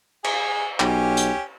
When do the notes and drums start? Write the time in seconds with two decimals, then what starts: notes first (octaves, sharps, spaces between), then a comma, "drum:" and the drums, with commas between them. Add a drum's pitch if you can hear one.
0.24 G#4, drum: cymbal
0.80 B1 C#4 G4, drum: clap
1.17 drum: hi-hat